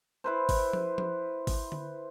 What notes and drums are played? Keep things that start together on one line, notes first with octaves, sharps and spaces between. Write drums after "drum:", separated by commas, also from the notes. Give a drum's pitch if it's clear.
E4 B4 C5
drum: kick G#1, open hi-hat
drum: tom F3
drum: tom F3
drum: kick G#1, open hi-hat
drum: tom D3